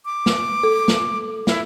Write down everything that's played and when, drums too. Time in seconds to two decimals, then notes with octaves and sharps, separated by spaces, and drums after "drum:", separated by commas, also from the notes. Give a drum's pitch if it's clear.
0.05 D6
0.26 drum: snare
0.63 A4
0.88 drum: snare
1.47 E4, drum: snare